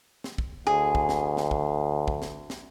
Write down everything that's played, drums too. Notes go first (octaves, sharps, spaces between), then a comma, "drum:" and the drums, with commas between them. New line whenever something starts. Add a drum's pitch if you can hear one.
drum: snare
drum: kick
D2 G#4
drum: kick
drum: snare
drum: snare
drum: kick
drum: kick
drum: snare
drum: snare